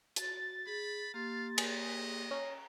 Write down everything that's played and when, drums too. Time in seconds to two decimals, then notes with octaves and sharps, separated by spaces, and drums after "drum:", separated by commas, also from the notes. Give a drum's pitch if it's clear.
0.16 F#4 A6, drum: hi-hat
0.67 G#4 B5
1.14 A#3 G4 F5 C6
1.58 G#4 D#5 B6, drum: cymbal
2.31 C#4 A#5